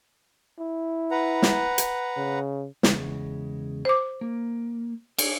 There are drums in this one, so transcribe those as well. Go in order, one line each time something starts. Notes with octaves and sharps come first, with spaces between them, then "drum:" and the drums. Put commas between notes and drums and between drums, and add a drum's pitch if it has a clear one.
E4
B4 F#5 A#5
drum: snare
drum: hi-hat
C#3
E2 C#3 G#3, drum: snare
C5 D6
A#3
A4 C#5 D5, drum: cymbal